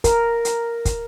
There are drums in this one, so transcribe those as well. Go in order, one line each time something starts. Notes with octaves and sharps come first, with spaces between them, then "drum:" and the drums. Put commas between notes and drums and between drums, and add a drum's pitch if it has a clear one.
A#4, drum: kick, hi-hat
drum: hi-hat
drum: kick, hi-hat